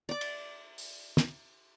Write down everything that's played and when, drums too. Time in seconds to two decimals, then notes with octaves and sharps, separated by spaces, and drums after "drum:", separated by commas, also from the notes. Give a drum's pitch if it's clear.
0.09 D5 D6
0.21 drum: cymbal
0.78 drum: open hi-hat
1.17 drum: snare